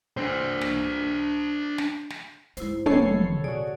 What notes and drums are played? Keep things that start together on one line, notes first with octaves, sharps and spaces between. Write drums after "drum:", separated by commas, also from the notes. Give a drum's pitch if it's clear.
D4 C5
drum: snare
drum: snare
drum: snare
G#2 A3 E4 C5, drum: hi-hat
F1 D#3 G#3 B3 A4 C#5 C7, drum: tom
D3 F#4 G#4 D5